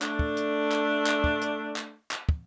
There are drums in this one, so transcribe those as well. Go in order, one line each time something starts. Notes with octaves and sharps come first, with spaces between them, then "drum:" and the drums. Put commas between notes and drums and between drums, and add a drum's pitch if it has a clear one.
A3 D4, drum: clap
drum: kick
drum: hi-hat
drum: clap
drum: clap
drum: kick
drum: hi-hat
drum: clap
drum: clap
drum: kick